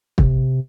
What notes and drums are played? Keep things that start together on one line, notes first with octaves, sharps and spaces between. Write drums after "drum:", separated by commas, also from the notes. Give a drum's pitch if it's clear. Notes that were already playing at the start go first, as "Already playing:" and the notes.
C3, drum: kick